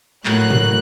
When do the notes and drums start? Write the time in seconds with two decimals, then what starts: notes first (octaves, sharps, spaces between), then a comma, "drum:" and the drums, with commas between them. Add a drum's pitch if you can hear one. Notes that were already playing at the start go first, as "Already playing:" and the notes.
0.26 A2 F#3 A#3 F#6, drum: clap
0.50 drum: tom